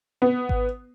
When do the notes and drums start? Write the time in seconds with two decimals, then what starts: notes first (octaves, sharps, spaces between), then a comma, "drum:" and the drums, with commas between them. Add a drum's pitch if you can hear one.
0.22 B3
0.49 drum: kick G#1